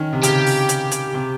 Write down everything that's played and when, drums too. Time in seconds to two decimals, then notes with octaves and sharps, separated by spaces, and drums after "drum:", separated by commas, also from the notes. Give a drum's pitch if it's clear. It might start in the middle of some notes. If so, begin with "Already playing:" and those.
Already playing: D#3 C#4
0.13 C3
0.23 C#3 G4, drum: hi-hat
0.46 drum: open hi-hat
0.69 drum: hi-hat
0.92 drum: hi-hat
1.14 C3